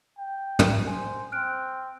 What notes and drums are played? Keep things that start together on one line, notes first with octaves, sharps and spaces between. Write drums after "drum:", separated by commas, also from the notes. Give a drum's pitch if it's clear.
G5
drum: tom
C5 G#5
C4 F6 F#6 D7